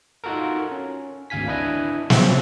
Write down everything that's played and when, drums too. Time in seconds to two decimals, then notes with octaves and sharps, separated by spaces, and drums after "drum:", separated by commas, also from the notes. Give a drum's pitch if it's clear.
0.24 D#4 F4 F#4 A4 A#4
0.72 C#4
1.30 G#1 D2 F5 G#5 B6
1.47 D4 E4 B4 D#5 G#5
2.10 C#3 F3 F#3 C4, drum: snare